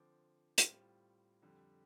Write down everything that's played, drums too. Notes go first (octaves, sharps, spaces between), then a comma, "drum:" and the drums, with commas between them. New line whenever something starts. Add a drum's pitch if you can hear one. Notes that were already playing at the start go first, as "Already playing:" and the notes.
Already playing: D3 F3 C4 D6
A2 G3 C4 F4, drum: hi-hat
F2 D3 G3